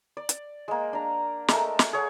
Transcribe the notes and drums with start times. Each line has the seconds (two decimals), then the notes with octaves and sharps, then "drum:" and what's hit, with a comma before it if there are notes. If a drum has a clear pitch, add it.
0.17 D5
0.29 drum: hi-hat
0.68 G#3 A#3
0.93 D4 A#5
1.48 G#3 A3 A#4, drum: snare
1.79 drum: snare
1.93 G#4 C#5 F#5